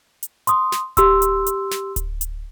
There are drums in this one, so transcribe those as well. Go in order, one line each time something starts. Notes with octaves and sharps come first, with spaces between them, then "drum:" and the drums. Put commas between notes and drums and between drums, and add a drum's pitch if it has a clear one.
drum: hi-hat
C6 D#6, drum: hi-hat
drum: snare
G4 C6 E6, drum: kick D1, hi-hat
drum: hi-hat
drum: hi-hat
drum: snare
drum: kick D1, hi-hat
drum: hi-hat